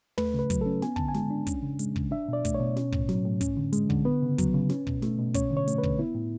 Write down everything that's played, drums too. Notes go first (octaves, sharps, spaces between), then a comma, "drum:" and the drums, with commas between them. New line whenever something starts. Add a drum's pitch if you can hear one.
A3 B4, drum: tom
C#3 B4
F#3, drum: kick, hi-hat
C#4 A4
B3 G#5, drum: snare
D3 A5, drum: kick
G#5
G#3, drum: snare
D4
C#4, drum: kick, hi-hat
C#3
G#3, drum: hi-hat
C#3, drum: kick
D4 E5
B2 D5
A3, drum: kick, hi-hat
C#5
B2
C#4, drum: snare
A2, drum: kick
F#3, drum: snare
A2
C#4, drum: kick, hi-hat
D3
G#3, drum: hi-hat
D3, drum: kick
B3 B4
C#3
F#3, drum: kick, hi-hat
C#3
C#4, drum: snare
B2, drum: kick
A3, drum: snare
B2
C#4 C#5, drum: kick, hi-hat
D3
C#5
A3, drum: hi-hat
B4
D3, drum: kick
B3 E4
A2